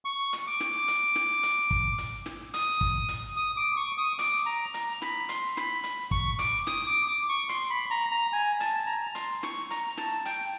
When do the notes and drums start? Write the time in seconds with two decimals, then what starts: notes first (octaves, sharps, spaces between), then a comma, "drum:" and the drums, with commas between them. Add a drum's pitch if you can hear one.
0.05 C#6
0.33 drum: hi-hat
0.47 D6
0.60 drum: snare
0.88 drum: hi-hat
1.15 drum: snare
1.43 drum: hi-hat
1.71 drum: kick
1.98 drum: hi-hat
2.26 drum: snare
2.54 D#6, drum: hi-hat
2.81 drum: kick
3.08 drum: hi-hat
3.37 D#6
3.57 D6
3.77 C#6
3.98 D#6
4.19 D6, drum: hi-hat
4.46 A#5
4.74 A#5, drum: hi-hat
5.02 B5, drum: snare
5.29 C6, drum: hi-hat
5.57 B5, drum: snare
5.83 B5, drum: hi-hat
6.11 C#6, drum: kick
6.39 D6, drum: hi-hat
6.67 D#6, drum: snare
6.87 D6
7.08 D6
7.29 C#6
7.49 C6, drum: hi-hat
7.70 B5
7.91 A#5
8.12 A#5
8.33 G#5
8.60 A5, drum: hi-hat
8.87 A#5
9.15 C6, drum: hi-hat
9.43 C#6, drum: snare
9.70 A#5, drum: hi-hat
9.97 A5, drum: snare
10.25 G5, drum: hi-hat